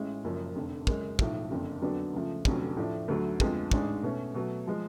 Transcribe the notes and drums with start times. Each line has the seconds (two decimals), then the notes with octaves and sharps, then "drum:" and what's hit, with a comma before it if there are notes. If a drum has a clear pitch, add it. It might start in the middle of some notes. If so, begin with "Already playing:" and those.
Already playing: A1 A2 G#3 C#4
0.24 F#1 F#2 F3
0.55 F1 F2 D3
0.87 F#2 C#3 G#3, drum: kick
1.19 B1 A2 F3 A3, drum: kick
1.51 F#1 F2 D3
1.82 F2 D3 F#3 B3 D4
2.13 C#2 C#3 F3 A3
2.45 F1 F2 D3 F#3 C#4, drum: kick
2.77 A2 F3 A3 D4
3.08 D2 D3 F#3 A3
3.40 F2 D3 G#3 B3 F4, drum: kick
3.72 A1 G#2 G#3 D4 G#4, drum: kick
4.03 B2 A3 C#4
4.34 B2 F#3 A3
4.67 F3 G#3